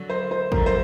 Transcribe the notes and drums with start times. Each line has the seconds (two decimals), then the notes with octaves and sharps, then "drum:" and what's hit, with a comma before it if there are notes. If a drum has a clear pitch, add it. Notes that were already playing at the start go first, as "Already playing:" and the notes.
Already playing: D3 F#3
0.10 C5
0.31 C5
0.52 D3 F#3 A#4, drum: kick A1
0.66 C5